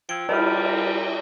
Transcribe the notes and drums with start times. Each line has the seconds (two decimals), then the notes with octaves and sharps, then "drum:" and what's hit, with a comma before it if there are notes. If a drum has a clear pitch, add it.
0.09 F3 G5 E6 G#6 D7
0.29 G3 B4 B5 F6, drum: cymbal